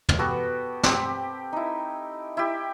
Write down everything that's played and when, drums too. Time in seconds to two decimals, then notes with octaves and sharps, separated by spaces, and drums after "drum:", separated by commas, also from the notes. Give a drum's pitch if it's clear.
0.09 drum: tom
0.19 B3 F#4 G4 A4
0.83 C4 G4, drum: snare
1.53 D#4 E4
2.37 E4 G4